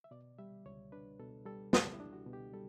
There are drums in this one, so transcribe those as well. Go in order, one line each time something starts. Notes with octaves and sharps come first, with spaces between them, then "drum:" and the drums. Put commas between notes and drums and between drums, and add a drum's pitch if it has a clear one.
E5
B2 D5
G3 E5
C#2 C#5
D4 B4
B2 A4
G3 A4
C#2 G4, drum: snare
E4
D4
F#4
B2
G4
G3 A4